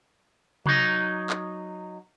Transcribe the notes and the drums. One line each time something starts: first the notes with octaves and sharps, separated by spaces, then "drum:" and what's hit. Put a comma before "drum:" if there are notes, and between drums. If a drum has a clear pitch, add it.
F#3 D#4, drum: tom C3
drum: clap